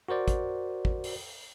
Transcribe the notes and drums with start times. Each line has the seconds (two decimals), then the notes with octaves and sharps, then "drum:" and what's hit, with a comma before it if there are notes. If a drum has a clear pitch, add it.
0.09 F#4 A#4 C5 D5
0.28 drum: kick, hi-hat
0.85 drum: kick
1.04 drum: open hi-hat